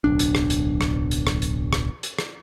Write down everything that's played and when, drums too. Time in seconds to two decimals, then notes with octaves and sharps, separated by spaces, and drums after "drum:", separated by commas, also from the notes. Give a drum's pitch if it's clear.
0.04 D1 B1 D4
0.19 drum: hi-hat
0.35 drum: rim click
0.50 drum: hi-hat
0.81 drum: rim click
1.11 drum: hi-hat
1.27 drum: rim click
1.42 drum: hi-hat
1.73 drum: rim click
2.03 drum: hi-hat
2.19 drum: rim click